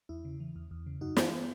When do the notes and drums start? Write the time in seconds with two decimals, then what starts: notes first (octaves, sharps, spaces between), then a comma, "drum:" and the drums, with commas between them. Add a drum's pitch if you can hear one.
0.09 E2 E4
0.25 C#3
0.40 E3
0.56 E2
0.71 E2
0.86 C#3
1.01 F#2 D#4 F#4
1.17 E3, drum: snare
1.32 B3